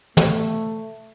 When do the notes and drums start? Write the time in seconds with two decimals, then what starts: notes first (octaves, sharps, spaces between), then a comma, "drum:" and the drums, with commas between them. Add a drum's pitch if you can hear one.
0.17 A3, drum: tom